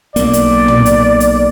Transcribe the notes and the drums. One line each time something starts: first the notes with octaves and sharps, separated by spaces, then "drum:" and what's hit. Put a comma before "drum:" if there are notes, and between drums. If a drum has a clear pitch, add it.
B1 A#3 D5, drum: hi-hat
drum: hi-hat
drum: tom
drum: hi-hat
drum: hi-hat